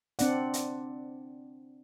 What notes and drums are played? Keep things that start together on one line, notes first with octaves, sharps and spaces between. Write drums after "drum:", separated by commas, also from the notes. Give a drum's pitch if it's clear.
C4 D4 D5 F#5, drum: hi-hat
drum: hi-hat